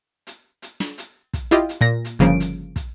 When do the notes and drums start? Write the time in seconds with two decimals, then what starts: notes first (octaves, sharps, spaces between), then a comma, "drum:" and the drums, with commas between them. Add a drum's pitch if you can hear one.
0.27 drum: hi-hat
0.62 drum: hi-hat
0.80 drum: snare
0.98 drum: hi-hat
1.34 drum: kick, hi-hat
1.51 E4 F4 G4 D#5
1.69 drum: hi-hat
1.81 A#2 A#6
2.05 drum: hi-hat
2.19 G1 C#3 F3 A#3 D7
2.40 drum: hi-hat
2.76 drum: kick, hi-hat